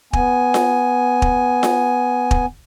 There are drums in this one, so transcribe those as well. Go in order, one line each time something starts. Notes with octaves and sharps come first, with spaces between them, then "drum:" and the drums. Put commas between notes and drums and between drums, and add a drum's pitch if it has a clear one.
B3 G#5, drum: kick
drum: snare F4
drum: kick
drum: snare F4
drum: kick